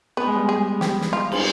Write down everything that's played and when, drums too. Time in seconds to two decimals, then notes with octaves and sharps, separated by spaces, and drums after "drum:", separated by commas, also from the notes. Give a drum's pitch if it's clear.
0.17 B3 B4
0.27 G#3
0.36 G3
0.45 G#3 G#4
0.81 G4, drum: snare
1.01 drum: snare
1.13 F4
1.32 drum: cymbal